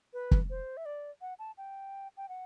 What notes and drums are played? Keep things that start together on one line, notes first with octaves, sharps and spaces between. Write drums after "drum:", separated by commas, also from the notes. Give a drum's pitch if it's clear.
B4
drum: kick
C5
E5
D5
F#5
A5
G5
G5
F#5